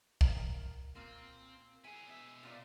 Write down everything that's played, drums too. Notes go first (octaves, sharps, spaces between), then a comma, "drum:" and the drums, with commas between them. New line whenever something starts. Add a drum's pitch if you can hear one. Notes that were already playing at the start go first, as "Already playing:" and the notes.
A#4, drum: kick
A#2 A#3 C4
E4 G#4 G#5
B2 E5
A#2 F4 D5